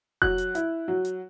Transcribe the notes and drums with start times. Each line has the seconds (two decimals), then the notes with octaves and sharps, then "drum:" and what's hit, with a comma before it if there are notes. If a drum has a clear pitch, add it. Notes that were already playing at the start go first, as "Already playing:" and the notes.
0.22 F#3 F#6, drum: kick F1
0.38 drum: hi-hat
0.55 E4, drum: hi-hat
0.88 F#3
1.05 drum: hi-hat